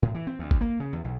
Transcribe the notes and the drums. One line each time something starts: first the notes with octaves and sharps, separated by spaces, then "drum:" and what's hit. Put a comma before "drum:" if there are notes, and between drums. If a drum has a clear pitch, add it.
A2
E3
C4
D2
drum: kick
A#3
C#3
E2
B1